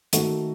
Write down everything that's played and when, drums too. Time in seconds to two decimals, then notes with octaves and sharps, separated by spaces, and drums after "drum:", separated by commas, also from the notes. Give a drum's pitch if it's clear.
0.13 D#3 A3 F#4 A4, drum: hi-hat